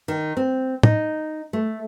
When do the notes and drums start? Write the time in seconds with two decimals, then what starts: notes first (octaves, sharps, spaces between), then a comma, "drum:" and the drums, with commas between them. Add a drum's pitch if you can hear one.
0.08 D#3
0.37 C4
0.83 D#4, drum: tom
1.53 A3